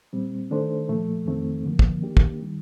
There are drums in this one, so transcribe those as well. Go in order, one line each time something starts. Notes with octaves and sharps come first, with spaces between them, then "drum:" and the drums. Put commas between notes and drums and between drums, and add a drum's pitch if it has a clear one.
A#2 G3 C4
D#3 A3 D4 A4 C5
A#2 F3 A3
F2 D#3 A3 C4
G2 D3 F3 A#3
drum: kick
D#3 A#3 D4 G4
drum: kick
D#3 G3